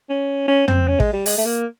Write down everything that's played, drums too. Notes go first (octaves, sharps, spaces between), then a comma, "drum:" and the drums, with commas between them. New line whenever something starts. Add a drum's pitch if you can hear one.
C#4
C#4
C4, drum: tom
C#4
G#3, drum: kick
G3
G#3, drum: open hi-hat
A3
A#3